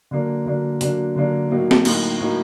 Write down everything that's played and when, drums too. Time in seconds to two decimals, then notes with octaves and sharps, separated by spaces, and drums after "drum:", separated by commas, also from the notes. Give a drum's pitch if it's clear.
0.11 D3 F#3 A#3 D4
0.46 D3 F#3 A#3 D4
0.81 D3 F#3 A#3 D4, drum: hi-hat
1.15 D3 F#3 A#3 D4
1.51 A2 F#3 A#3 D#4
1.71 drum: snare
1.85 A2 F#3 A#3 D#4, drum: cymbal
2.20 A2 F#3 A#3 D#4